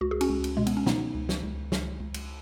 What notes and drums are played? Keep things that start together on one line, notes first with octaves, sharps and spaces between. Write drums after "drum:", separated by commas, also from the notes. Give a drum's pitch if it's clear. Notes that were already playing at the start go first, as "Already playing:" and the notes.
C#2 F#4
G#4
C#4 F#4, drum: cymbal
C#2
drum: cymbal
B2 G#3
B3, drum: cymbal
C#4
B2 B3 D#4, drum: snare
C#2
drum: snare
C#2
C#2, drum: snare
C#2
drum: cymbal